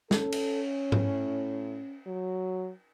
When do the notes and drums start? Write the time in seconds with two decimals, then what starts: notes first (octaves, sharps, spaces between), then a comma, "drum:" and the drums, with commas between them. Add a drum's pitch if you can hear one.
0.11 C#4 A4, drum: snare
0.32 drum: cymbal
0.92 A2, drum: tom G#2
2.06 F#3